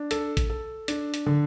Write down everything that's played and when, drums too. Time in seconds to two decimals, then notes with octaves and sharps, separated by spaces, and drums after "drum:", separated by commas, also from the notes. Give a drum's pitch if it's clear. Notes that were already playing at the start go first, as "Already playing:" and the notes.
Already playing: D4
0.11 A4, drum: hi-hat
0.37 drum: kick G#1, hi-hat
0.50 A4
0.88 D4, drum: hi-hat
1.14 drum: hi-hat
1.26 D3